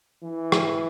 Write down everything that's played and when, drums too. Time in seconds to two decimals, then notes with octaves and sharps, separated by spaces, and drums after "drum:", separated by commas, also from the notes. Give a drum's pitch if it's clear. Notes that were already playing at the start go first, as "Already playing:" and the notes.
0.23 E3
0.52 drum: rim click